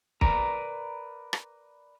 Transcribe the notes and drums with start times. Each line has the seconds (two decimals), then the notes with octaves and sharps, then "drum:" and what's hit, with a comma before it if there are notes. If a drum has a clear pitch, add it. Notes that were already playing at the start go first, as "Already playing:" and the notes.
0.21 A#4 B4 D5 A#5, drum: kick
1.33 drum: rim click